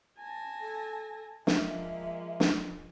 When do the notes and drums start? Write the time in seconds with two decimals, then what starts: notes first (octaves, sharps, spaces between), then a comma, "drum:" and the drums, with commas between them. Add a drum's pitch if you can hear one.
0.18 G#5 A5 A#6
0.60 A4
1.47 F3 G#3 A#3 E5, drum: snare
2.40 drum: snare